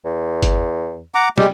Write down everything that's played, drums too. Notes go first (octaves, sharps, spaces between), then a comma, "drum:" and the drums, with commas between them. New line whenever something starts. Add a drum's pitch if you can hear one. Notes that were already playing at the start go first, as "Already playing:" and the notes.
E2
drum: kick G1, hi-hat
F#5 A#5 D6
G3 G#3 G4, drum: snare